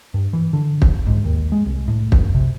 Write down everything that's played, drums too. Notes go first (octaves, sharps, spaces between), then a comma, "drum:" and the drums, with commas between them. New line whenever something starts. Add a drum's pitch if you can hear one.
G2
E3
D3
drum: kick
G#2
D#2
G#3
C2
A2
F#2, drum: kick
C3